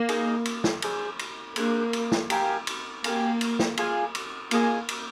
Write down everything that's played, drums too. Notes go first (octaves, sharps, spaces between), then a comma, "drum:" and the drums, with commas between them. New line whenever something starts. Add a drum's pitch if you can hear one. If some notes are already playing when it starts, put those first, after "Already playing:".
Already playing: A#3
D#4 G#4 D#5, drum: cymbal
drum: cymbal
drum: snare
D4 G#4 C5, drum: cymbal
drum: cymbal
A#3 D4 G#4 C5, drum: cymbal
drum: cymbal
drum: snare
G4 A#4 F5 G#5, drum: cymbal
drum: cymbal
A#3 G4 A#4 F5 G#5, drum: cymbal
drum: cymbal
drum: snare
F4 G#4 D#5 G#5, drum: cymbal
drum: cymbal
A#3 F4 G#4 D#5 G#5, drum: cymbal
drum: cymbal